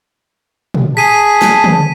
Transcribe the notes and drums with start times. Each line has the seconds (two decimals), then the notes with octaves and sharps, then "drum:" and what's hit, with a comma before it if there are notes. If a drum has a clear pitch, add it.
0.74 drum: tom
0.97 G#4 A5 B6 D#7
1.42 drum: snare
1.64 drum: tom